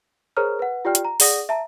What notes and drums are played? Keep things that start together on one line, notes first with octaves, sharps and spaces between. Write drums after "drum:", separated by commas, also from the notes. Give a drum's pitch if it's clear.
G#4 A#4 C5 C#5 A#5 F6
B4 F#5
F4 G4 D5 G5 F6
drum: hi-hat
A#5
G#4 D5 F#5 D#6 A#6, drum: open hi-hat
E5 A5 A#5